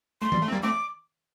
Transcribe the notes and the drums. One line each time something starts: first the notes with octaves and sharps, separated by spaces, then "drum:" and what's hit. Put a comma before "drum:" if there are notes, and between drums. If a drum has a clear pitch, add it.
A3 C6
G3, drum: tom D#3
A3
C4
G3 A#3
A3 C4 D6